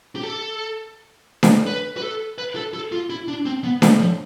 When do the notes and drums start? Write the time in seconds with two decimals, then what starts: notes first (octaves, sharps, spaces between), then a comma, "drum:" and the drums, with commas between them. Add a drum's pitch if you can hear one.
0.16 G4
0.23 A4
1.43 drum: snare D4
1.67 B4
1.97 B4
2.02 A4
2.38 B4
2.56 A4
2.74 A4
2.92 F4
3.10 E4
3.28 D4
3.46 C4
3.64 B3
3.82 A3, drum: snare D4
4.00 F3